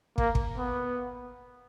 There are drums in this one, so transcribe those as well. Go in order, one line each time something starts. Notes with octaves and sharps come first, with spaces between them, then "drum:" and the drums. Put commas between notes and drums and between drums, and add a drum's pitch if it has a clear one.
A#3, drum: kick
drum: kick
B3